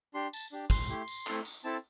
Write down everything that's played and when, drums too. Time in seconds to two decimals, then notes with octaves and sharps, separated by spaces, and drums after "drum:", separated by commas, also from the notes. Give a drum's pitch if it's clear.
0.14 D4 G4 C6
0.33 A5, drum: tambourine
0.52 D4 G4
0.70 C6, drum: kick, tambourine
0.89 A3 E4 G4
1.08 drum: tambourine
1.27 A3 C4 E4 A4, drum: clap
1.45 drum: tambourine
1.64 C4 E4 A4 A5